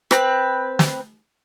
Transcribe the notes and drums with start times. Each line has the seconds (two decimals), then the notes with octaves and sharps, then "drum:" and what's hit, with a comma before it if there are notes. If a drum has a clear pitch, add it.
0.11 C4 B4, drum: rim click
0.79 drum: snare